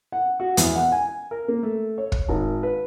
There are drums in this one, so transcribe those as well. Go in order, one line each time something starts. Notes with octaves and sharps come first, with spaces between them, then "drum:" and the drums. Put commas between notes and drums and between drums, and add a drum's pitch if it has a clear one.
F#5
F#4
E2, drum: hi-hat
F#5
G#5
A#4
A#3
A3
C#5
drum: kick
G#1
B4